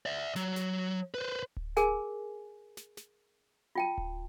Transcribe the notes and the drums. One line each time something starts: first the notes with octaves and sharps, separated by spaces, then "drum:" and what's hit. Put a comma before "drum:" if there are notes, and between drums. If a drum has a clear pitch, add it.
D5 E5
F#3, drum: snare
drum: snare
B4 C5
drum: kick D1
G#4 A#4 G#5, drum: snare
drum: snare
drum: snare
F4 G5 A5
drum: kick D1